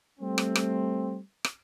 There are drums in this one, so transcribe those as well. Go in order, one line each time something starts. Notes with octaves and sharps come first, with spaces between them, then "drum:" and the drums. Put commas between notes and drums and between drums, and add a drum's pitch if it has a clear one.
G3 A3 C4
drum: rim click
drum: rim click
drum: rim click